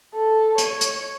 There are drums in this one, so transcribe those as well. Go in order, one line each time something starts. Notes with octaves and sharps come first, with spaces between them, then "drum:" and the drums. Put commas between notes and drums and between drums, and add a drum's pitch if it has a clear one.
A4
C#5, drum: hi-hat
drum: hi-hat